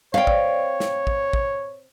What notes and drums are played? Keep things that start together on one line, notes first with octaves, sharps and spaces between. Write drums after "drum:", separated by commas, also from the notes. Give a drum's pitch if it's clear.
C4 C#5 D5 F5 G5
drum: kick
drum: snare
drum: kick
drum: kick